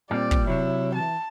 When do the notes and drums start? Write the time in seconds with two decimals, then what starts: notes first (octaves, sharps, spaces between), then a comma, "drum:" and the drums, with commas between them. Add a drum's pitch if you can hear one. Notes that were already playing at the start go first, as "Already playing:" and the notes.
0.11 A#2 G3 C4 D5
0.31 drum: kick
0.47 C3 F#3 E4 C#5
0.95 E3 A5